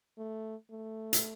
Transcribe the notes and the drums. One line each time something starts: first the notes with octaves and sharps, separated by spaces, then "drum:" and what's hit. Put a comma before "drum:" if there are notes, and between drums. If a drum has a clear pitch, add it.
A3
A3
drum: hi-hat